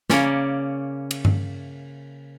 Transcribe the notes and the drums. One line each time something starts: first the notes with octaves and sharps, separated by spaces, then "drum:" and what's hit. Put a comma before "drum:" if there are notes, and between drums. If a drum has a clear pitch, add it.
C#3 A#3 C#4 D5, drum: snare
drum: cymbal
drum: tom G2